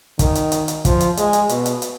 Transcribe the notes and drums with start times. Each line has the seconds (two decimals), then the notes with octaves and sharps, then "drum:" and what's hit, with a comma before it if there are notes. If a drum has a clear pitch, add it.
0.19 D#3, drum: kick, hi-hat
0.35 drum: hi-hat
0.52 drum: hi-hat
0.68 drum: hi-hat
0.85 F3, drum: kick, hi-hat
1.00 drum: hi-hat
1.17 G#3, drum: hi-hat
1.33 drum: hi-hat
1.49 B2, drum: hi-hat
1.66 drum: hi-hat
1.82 drum: hi-hat